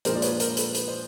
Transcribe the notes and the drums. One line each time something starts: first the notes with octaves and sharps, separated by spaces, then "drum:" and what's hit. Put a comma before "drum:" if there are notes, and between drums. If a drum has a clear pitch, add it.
A#2 F3 G#3 A#4 C5, drum: hi-hat
D5
B4 C#5, drum: hi-hat
A#4 C5, drum: hi-hat
A4 B4, drum: hi-hat
B4, drum: hi-hat
C5